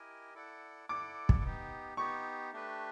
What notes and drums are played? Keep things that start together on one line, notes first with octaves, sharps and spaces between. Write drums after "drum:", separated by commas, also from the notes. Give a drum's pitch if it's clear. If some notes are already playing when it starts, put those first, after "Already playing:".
Already playing: E4 G4 A#4 D#5 G#5
E4 A4 D5 F#5
E4 A4 D5 F#5 D6
drum: kick
B3 D#4 G4
B3 D#4 G4 C#6
A3 D4 G4 B4